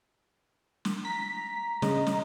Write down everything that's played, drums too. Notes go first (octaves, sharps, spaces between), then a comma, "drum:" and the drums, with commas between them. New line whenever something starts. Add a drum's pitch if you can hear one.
drum: snare
A#5 B6
C#3 D#5, drum: snare
drum: snare